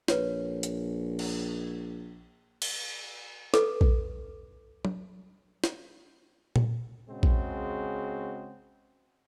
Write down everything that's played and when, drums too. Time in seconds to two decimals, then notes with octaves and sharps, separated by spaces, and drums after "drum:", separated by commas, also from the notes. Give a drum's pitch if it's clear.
0.08 A#1 B4 C#5, drum: snare
0.63 drum: hi-hat
1.19 drum: cymbal
2.62 drum: cymbal
3.54 A4 B4 D6, drum: snare
3.81 drum: kick A#1
4.85 drum: tom F#3
5.64 drum: snare
6.56 drum: tom A#2
7.09 C#3 G#3 C4 F#4
7.23 drum: kick A#1